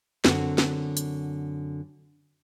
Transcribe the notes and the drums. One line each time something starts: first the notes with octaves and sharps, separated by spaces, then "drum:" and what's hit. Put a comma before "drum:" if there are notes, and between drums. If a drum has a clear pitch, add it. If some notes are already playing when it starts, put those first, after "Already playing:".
F#2 D3 C4 F#4, drum: snare
drum: snare
drum: hi-hat